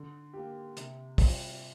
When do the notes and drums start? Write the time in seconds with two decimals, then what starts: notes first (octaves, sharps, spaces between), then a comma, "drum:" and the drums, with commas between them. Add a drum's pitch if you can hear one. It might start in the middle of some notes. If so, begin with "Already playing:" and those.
Already playing: D3
0.33 A#3 G4
0.77 C3, drum: hi-hat
1.18 G3 C4 F4, drum: kick, open hi-hat